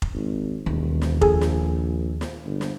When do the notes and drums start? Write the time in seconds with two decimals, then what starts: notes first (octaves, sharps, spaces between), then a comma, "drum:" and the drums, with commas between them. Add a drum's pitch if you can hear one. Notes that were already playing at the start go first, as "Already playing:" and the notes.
0.02 drum: kick F1
0.14 G#1
0.66 E1 D#2
1.02 drum: snare
1.21 A#1 G#4 A4 G#5, drum: kick F1
1.41 drum: snare
2.21 drum: snare
2.45 G1
2.61 drum: snare